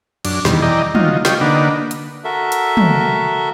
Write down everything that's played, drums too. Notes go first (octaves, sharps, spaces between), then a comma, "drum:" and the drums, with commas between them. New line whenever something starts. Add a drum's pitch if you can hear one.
F#2 D4, drum: cymbal
E2 B2 D#3 G3, drum: snare
E3 D5 D#5 G5 A#5
F#3 D#4 F4, drum: tom
F4 G4 D#5 G5 C#6, drum: snare
D3 A#3 D4 D#4 B4 F#5
drum: hi-hat
F#4 A4 A#4 E5
drum: hi-hat
drum: tom